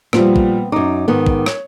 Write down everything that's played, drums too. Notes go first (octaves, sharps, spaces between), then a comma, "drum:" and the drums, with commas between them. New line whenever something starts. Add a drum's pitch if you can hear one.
A#2 F3 G3 B3 C4, drum: rim click
drum: kick
F#2 D#4 D6
G#2 D#3 B3
drum: kick
C#5, drum: rim click